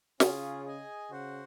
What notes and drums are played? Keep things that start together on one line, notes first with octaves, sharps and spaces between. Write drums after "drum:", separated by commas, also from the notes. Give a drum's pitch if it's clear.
C#3 C#4 F4 G#4, drum: snare
G#4 D#5 G#5
C#3 F#4 C5 F#5